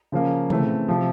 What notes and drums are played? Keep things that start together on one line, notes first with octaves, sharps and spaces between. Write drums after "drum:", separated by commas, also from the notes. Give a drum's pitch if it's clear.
C#3 F3 A#3 C#4
C#3 E3 A3 C4, drum: tom
C3 F3